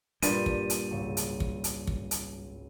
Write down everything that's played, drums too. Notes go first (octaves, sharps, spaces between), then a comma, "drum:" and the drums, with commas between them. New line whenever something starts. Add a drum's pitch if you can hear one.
G2 A#2 G3 D#7, drum: hi-hat
drum: kick
drum: hi-hat
G#1 C#2 C#6
drum: hi-hat
drum: kick
drum: hi-hat
drum: kick
drum: hi-hat